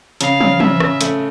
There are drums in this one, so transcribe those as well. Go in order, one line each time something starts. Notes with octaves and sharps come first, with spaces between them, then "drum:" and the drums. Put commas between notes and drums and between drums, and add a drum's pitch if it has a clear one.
C#3 F5, drum: hi-hat
C#3, drum: tom
C#3 E5, drum: tom
C#3, drum: rim click
A3, drum: hi-hat